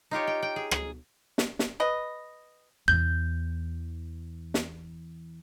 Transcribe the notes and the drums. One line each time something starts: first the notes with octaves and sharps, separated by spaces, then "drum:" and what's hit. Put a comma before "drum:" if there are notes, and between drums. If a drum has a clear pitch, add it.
D#4 F4 G4 C#5
G5
G5
G#4
G#4, drum: rim click
drum: snare
drum: snare
B4 D#5
E2 E3 G6
drum: snare